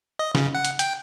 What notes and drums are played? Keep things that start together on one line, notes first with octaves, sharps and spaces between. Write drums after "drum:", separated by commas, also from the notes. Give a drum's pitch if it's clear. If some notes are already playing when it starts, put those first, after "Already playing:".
D#5
C#3, drum: snare
F#5
drum: hi-hat
G5, drum: hi-hat